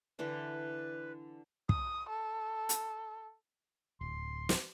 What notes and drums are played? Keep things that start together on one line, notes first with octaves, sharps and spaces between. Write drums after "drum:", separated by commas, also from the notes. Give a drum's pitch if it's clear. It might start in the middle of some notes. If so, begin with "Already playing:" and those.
D3 E3 D4 B4
D#6, drum: kick
A4
drum: hi-hat
D1 C6
drum: snare